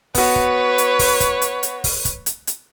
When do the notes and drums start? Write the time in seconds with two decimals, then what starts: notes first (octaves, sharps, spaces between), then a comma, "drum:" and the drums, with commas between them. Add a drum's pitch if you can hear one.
0.15 B3 F#4 B4 C#5, drum: kick, open hi-hat
0.36 drum: kick
0.78 drum: hi-hat
0.99 drum: kick, open hi-hat
1.20 drum: kick, hi-hat
1.42 drum: hi-hat
1.63 drum: hi-hat
1.84 drum: kick, open hi-hat
2.05 drum: kick, hi-hat
2.26 drum: hi-hat
2.47 drum: hi-hat